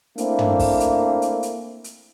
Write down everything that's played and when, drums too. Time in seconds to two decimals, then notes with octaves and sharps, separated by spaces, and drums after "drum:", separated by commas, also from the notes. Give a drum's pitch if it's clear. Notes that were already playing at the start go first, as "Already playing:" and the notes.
0.18 A3 A#3 C4 D4 E4, drum: hi-hat
0.39 drum: tom
0.59 drum: kick, open hi-hat
0.80 drum: hi-hat
1.22 drum: hi-hat
1.43 drum: hi-hat
1.84 drum: hi-hat